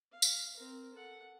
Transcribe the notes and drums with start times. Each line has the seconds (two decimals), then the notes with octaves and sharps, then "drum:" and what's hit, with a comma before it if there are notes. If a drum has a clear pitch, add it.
0.12 F5
0.22 drum: tambourine
0.57 C4 A#4
0.93 A4 F#5